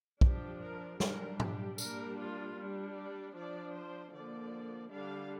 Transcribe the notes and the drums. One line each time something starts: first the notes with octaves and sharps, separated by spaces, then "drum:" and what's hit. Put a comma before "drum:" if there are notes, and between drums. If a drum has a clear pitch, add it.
F3 D4 G4, drum: kick
A#4
G3 D4 A#4, drum: snare
G4, drum: tom G#2
G3 A#3 D4 A#4, drum: tambourine
F4
G3 D4
D5
F3 D4 D5
C5
D3 F3 A#3 D5
D3 G3 D4 F5